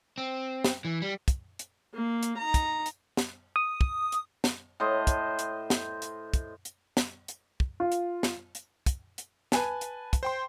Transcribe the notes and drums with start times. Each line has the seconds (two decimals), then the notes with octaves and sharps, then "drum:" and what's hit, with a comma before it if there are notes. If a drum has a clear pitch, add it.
0.18 C4
0.64 drum: snare
0.85 E3
1.02 G3
1.28 drum: kick, hi-hat
1.59 drum: hi-hat
1.94 A#3
2.23 drum: hi-hat
2.38 D#4 A#5
2.54 drum: kick, hi-hat
2.86 drum: hi-hat
3.17 drum: snare
3.56 D#6
3.81 drum: kick
4.12 drum: hi-hat
4.44 drum: snare
4.80 A2 C5 D#5
5.07 drum: kick, hi-hat
5.39 drum: hi-hat
5.70 drum: snare
6.02 drum: hi-hat
6.34 drum: kick, hi-hat
6.65 drum: hi-hat
6.97 drum: snare
7.28 drum: hi-hat
7.60 drum: kick
7.80 F4
7.92 drum: hi-hat
8.23 drum: snare
8.55 drum: hi-hat
8.86 drum: kick, hi-hat
9.18 drum: hi-hat
9.52 B4 G#5 A5, drum: snare
9.81 drum: hi-hat
10.13 drum: kick, hi-hat
10.23 C5 G5 C6